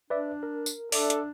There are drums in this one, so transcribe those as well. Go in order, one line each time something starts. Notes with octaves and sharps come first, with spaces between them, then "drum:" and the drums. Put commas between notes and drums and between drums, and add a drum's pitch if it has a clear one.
D4 B4 D5 E5
A#4
drum: tambourine
D4 A4 D5 E5 D6, drum: open hi-hat
drum: hi-hat